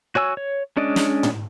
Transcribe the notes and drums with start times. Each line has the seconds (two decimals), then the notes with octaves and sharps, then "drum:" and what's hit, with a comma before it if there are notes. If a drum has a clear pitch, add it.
0.15 F#4 C#5 G#5 E6
0.37 C#5
0.77 G#3 C#4 D4 D5 D#5
0.96 drum: snare
1.23 drum: tom